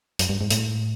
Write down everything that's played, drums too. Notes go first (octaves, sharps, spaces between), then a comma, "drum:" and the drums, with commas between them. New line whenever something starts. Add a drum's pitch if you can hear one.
F#2, drum: hi-hat
G2
G#2
A2, drum: hi-hat